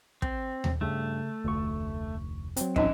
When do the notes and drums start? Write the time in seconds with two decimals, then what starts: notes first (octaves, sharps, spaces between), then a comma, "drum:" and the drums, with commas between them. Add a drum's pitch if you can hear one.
0.22 C4, drum: kick
0.64 drum: tom D#2
0.81 G2 C#3 A3
1.45 F1 D2 C#6
2.57 F#3 C4, drum: hi-hat
2.76 D1 G#2 E3 F3 C#4 D#4 D#5, drum: kick